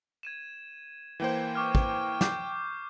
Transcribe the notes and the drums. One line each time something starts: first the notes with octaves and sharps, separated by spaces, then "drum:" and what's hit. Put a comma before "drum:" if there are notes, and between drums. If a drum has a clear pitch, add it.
G#6 D#7 E7
E3 A#3 C5 G5
C#6 D6 F6
drum: kick
D6 G6 C7, drum: snare